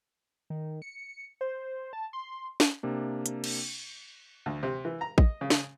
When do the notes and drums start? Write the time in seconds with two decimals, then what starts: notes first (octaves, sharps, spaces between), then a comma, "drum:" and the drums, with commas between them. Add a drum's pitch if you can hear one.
0.50 D#3
0.82 C#7
1.41 C5
1.93 A5
2.13 C6
2.60 drum: snare
2.83 C3 A#3 D4
3.26 drum: hi-hat
3.44 drum: cymbal
4.46 D2
4.63 C3
4.85 E3
5.01 A#5
5.18 D#5, drum: kick A1
5.41 C#3
5.50 drum: snare